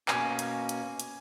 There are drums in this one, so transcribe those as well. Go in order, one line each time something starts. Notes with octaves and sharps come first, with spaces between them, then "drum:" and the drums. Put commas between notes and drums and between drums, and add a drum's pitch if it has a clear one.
B2 A#3 C#4 G#5, drum: clap
drum: hi-hat
drum: hi-hat
drum: hi-hat